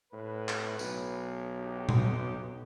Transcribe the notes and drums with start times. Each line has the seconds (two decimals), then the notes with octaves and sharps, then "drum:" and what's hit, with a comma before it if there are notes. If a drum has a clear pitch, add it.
0.13 A2 B4
0.48 drum: clap
0.79 B1, drum: tambourine
1.58 D#4 F#4 G4
1.89 drum: tom A#2